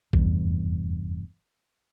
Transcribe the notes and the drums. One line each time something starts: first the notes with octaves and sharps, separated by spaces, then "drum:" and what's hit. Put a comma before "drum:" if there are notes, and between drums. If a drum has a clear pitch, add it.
F1 E2 G2, drum: kick A#1